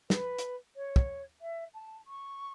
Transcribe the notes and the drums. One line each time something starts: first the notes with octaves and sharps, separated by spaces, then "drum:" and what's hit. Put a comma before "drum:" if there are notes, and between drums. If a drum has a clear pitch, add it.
B4, drum: snare
drum: hi-hat
C#5
drum: kick
E5
A5
C#6